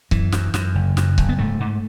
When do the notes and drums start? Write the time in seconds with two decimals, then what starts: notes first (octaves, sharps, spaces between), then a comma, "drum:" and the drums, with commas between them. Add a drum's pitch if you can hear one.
0.11 F#2 E3, drum: kick C#1
0.32 F#2, drum: snare
0.54 F#2, drum: snare
0.75 F#1
0.97 F#2, drum: snare
1.18 F#1, drum: kick C#1
1.29 B3
1.38 G#2 A3
1.60 G#2